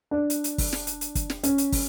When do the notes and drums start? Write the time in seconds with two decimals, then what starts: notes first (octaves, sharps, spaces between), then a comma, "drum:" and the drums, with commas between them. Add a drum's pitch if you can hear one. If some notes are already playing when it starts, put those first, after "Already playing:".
0.11 D4
0.30 drum: hi-hat
0.44 drum: hi-hat
0.58 drum: kick, open hi-hat
0.73 drum: snare
0.87 drum: hi-hat
1.01 drum: hi-hat
1.15 drum: kick, hi-hat
1.30 drum: snare
1.43 C#4, drum: hi-hat
1.58 drum: hi-hat
1.72 drum: kick, open hi-hat